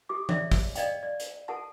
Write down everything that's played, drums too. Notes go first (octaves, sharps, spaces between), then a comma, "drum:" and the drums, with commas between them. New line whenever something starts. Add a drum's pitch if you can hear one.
G4 A4 D6
C#5 D5 E5, drum: tom E3
drum: kick, open hi-hat
D5 D#5 F5 G5, drum: hi-hat
D5
drum: hi-hat
A4 A#4 F#5 A5